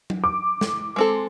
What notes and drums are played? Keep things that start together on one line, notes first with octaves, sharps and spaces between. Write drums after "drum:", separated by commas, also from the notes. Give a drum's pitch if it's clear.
drum: tom F#3
D6
drum: snare
G#3 C4 A4